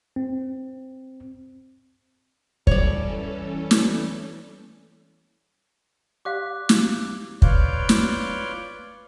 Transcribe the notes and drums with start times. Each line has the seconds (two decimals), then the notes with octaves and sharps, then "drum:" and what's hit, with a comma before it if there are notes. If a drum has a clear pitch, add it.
0.16 C4
2.67 E3 G3 C#4 A4 C#5 D5, drum: kick
3.71 drum: snare
6.25 G4 D5 F5 D6 F#6
6.69 drum: snare
7.42 F4 B4 C#5 D5 F5 G6, drum: kick
7.89 drum: snare